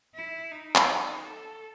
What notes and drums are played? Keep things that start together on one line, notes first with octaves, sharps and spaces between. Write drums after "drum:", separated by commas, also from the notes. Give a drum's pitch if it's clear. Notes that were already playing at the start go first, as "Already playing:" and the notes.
E4
D#4
drum: clap
D#4
A4